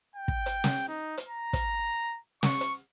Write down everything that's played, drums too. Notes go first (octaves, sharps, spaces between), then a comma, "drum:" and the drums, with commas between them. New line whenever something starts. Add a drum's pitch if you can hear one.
G5
drum: kick
drum: hi-hat
drum: snare
D#4
drum: hi-hat
A#5
drum: kick, hi-hat
C#6, drum: snare
drum: hi-hat